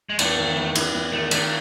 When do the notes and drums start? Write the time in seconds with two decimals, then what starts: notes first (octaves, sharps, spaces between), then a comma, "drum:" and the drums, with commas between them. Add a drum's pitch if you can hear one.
0.09 G#3
0.19 E2 A3, drum: cymbal
0.37 D#3
0.57 E2
0.75 E2, drum: cymbal
0.94 E2
1.12 D#3 A3
1.31 D#3 A3, drum: cymbal